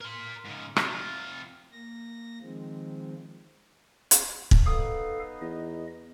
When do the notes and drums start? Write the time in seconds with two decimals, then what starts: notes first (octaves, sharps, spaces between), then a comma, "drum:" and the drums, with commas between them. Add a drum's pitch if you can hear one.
0.01 A#4 C6
0.46 G#2 C#3
0.76 C3 F4, drum: rim click
1.72 A#3 A#6
2.41 D#3 F3 G#3 C4
4.11 drum: hi-hat
4.51 drum: kick
4.66 B3 D#4 A4 F5 D#6
5.41 E2 D#5